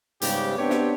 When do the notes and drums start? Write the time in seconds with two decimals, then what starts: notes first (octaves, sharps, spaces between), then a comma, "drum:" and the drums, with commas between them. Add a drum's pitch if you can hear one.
0.22 G#2 C#3 G3 B3 G4, drum: hi-hat
0.58 B3 C4 D4 G4 C#5
0.70 drum: snare